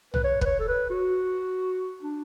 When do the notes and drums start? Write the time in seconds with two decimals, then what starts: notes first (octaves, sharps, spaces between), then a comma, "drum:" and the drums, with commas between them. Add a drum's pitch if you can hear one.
0.14 B4, drum: tom B1
0.24 C#5
0.41 B4, drum: kick
0.45 C#5
0.59 A4
0.68 B4
0.90 F#4
2.02 D4